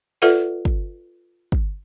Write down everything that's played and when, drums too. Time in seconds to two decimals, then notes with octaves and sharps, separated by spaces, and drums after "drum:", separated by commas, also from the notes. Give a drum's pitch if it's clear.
0.22 F4 A4 B4 D5 E5 F#5
0.65 drum: kick
1.52 drum: kick